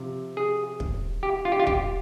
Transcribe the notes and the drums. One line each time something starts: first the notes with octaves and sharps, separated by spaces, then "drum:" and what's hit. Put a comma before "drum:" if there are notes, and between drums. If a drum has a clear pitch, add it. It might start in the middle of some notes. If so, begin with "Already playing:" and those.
Already playing: C3 F3
G#4
drum: kick
G4
F4
G4
F4
G4, drum: kick